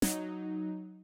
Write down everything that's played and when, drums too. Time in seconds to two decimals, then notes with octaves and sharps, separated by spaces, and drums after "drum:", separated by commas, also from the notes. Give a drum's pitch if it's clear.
0.02 F#3 D#4, drum: snare